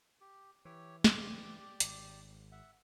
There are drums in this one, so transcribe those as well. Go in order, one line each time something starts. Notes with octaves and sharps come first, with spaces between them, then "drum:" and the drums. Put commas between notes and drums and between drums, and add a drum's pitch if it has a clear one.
G4
E3 G4 C#5
G4 D5, drum: snare
G#1, drum: hi-hat
E5 F#5